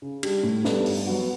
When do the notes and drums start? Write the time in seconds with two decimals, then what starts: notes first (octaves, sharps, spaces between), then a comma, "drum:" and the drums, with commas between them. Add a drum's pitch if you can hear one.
0.02 C#3
0.23 G3 D4 G4, drum: cymbal
0.43 A2
0.65 G3 B3 D4 A4, drum: snare
0.86 G2, drum: open hi-hat
1.07 F#3 B3 F#4